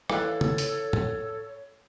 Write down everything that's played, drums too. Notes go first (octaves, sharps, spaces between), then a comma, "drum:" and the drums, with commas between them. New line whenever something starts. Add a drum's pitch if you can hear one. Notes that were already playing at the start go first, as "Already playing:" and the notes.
E3 A4 C#5 F5 F#6, drum: rim click
drum: tom
drum: hi-hat
drum: tom